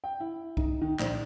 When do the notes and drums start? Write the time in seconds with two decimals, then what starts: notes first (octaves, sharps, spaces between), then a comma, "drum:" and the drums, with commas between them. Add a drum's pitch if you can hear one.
0.04 G5
0.20 E4
0.57 D#4, drum: kick C2
0.82 D#3
0.99 A#1, drum: clap